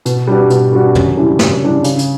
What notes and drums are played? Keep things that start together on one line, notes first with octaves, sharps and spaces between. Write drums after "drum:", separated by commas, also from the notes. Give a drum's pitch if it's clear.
B2, drum: hi-hat
G3 D4 F#4 B4
B2, drum: hi-hat
G3 D4 F#4 B4
F#2, drum: tom
C#3 E3 G3 D4
F#2, drum: snare
C#3 E3 G3 D4
C#3, drum: hi-hat
drum: hi-hat